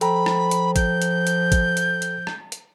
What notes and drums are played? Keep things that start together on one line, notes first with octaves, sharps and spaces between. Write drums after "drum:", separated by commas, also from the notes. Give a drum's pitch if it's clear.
F3 A4 G5 A#5 B5, drum: hi-hat
drum: rim click
drum: hi-hat
G6, drum: kick G#1, hi-hat
drum: hi-hat
drum: hi-hat
drum: kick G#1, hi-hat
drum: hi-hat
drum: hi-hat
drum: rim click
drum: hi-hat